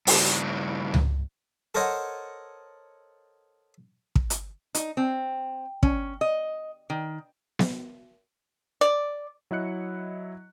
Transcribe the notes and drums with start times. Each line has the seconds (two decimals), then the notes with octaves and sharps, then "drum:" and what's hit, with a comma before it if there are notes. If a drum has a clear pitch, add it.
0.07 G2 C#3, drum: open hi-hat
0.94 drum: tom C#2
1.75 A4 A#4 C5 C#5 D#5 F#5
4.15 drum: kick
4.30 drum: hi-hat
4.75 D#4, drum: hi-hat
4.97 C4
5.83 C#4, drum: kick
6.21 D#5
6.90 D#3
7.59 drum: snare B3
8.81 D5
9.51 F#3 E4 D#5 F#6 C#7